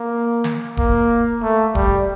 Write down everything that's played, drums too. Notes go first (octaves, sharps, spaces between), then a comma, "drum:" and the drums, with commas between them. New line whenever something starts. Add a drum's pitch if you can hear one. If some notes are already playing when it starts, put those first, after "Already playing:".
Already playing: A#3
drum: snare
A#3, drum: kick D1
A3
G3, drum: kick D1